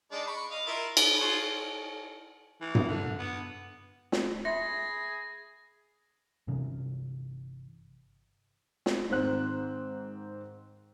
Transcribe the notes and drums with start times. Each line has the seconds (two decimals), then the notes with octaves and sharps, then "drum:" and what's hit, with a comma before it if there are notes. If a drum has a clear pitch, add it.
0.12 G#3 D4 D#4
0.27 B5 C#6
0.51 D#5 F5
0.67 E4 F4 A#4
0.97 B4, drum: cymbal
1.20 F4 F#4 G#4
2.61 E3
2.75 drum: tom G2
2.88 D3
3.19 B3
4.12 drum: snare
4.45 G#4 E5 B5 C6 A#6
6.47 G1 C3 E3 C#4
8.86 drum: snare
9.10 G#2 D#3 C4 C5 F#6